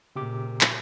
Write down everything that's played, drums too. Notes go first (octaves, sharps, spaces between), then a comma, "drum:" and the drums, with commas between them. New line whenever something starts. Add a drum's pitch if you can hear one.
A#2 C#3 G4 D6
drum: clap